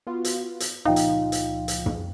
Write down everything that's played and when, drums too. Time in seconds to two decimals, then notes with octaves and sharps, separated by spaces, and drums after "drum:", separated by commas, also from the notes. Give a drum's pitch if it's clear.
0.07 B3 F4 F#4
0.25 drum: hi-hat
0.60 drum: hi-hat
0.85 C#2 A#2 F3 D#4 F5 G5
0.96 drum: hi-hat
1.32 drum: hi-hat
1.68 drum: hi-hat
1.86 drum: tom